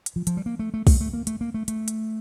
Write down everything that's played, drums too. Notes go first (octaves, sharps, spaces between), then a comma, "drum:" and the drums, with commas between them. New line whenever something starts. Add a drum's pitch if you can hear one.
drum: hi-hat
F3
F3, drum: hi-hat
G3
A#3
A3
A3
A3, drum: kick, open hi-hat
A3
A#3
A3, drum: hi-hat
A#3
A3
A3, drum: hi-hat
drum: hi-hat